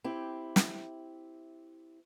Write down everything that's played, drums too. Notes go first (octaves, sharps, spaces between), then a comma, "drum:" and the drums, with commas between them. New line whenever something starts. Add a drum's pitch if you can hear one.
C4 E4 G4
drum: snare